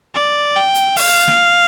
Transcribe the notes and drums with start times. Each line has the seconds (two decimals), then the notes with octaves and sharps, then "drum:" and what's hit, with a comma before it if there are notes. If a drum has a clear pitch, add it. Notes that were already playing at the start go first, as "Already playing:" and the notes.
0.15 D5
0.56 G5
0.74 drum: hi-hat
0.96 F5, drum: open hi-hat
1.28 drum: snare